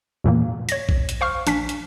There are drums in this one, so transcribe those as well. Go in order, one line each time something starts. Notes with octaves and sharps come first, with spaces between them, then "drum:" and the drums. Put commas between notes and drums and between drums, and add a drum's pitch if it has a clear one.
E2 A#2 E3 A#3
C#5 A#6, drum: hi-hat
drum: kick A#1
drum: hi-hat
C5 F5 C#6 F6
A#1 D4 G#5 B6, drum: hi-hat
drum: hi-hat